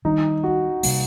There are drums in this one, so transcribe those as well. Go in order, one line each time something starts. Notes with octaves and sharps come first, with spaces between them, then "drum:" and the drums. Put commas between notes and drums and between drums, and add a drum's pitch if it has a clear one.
D#3 G3 D4 D#4
F#4
C3 G3 A#3, drum: open hi-hat